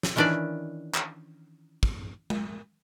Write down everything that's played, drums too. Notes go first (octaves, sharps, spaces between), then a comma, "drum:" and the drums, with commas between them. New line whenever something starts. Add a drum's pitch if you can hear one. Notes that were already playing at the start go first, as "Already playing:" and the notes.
drum: snare
D#3 E3 C#4 D4 E4 D5
drum: clap
drum: kick
drum: tom G#3